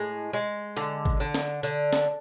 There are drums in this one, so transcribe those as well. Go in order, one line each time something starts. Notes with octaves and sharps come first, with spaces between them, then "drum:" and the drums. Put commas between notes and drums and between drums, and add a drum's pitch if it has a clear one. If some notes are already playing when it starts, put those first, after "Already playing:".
Already playing: A2 G#3
G#3
D3, drum: hi-hat
drum: kick G#1
D3
drum: snare
D3, drum: hi-hat
drum: snare